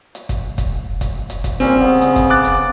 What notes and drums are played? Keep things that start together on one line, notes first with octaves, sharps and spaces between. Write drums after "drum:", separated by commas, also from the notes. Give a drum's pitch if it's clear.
drum: hi-hat
drum: kick, hi-hat
drum: kick, hi-hat
drum: kick, hi-hat
drum: hi-hat
drum: kick, hi-hat
A#2 G3 C4 C#4
C#3 B3
drum: hi-hat
drum: kick, hi-hat
D6 F#6 A6
drum: hi-hat